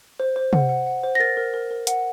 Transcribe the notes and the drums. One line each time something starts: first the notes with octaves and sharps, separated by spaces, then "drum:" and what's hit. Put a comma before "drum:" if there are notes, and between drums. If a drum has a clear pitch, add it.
C5
C5
F#5, drum: tom C3
F#5
F#5
C5
A#6
A#4 A6
A#4
A#4
A#4
F#5, drum: hi-hat